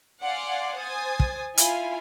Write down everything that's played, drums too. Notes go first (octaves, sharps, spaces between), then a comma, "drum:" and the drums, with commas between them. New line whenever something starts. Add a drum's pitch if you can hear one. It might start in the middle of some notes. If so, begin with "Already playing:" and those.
D5 F5 F#5 G#5 C6 D6
C5 G#5 D#6 A6
drum: kick
E4 F4 F5 G#5, drum: hi-hat